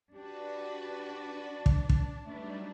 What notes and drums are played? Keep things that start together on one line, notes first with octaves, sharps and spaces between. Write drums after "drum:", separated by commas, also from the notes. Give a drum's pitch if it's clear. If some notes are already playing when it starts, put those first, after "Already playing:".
D4 F#4 G4 B4
drum: kick
drum: kick
F#3 G3 A3 D4 D#4 B4